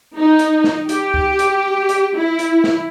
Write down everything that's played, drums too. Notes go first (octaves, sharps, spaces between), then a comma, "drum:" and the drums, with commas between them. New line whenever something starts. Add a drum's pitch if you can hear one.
D#4
drum: hi-hat
drum: snare
G4, drum: hi-hat
drum: kick C#2
drum: hi-hat
drum: hi-hat
E4
drum: hi-hat
drum: snare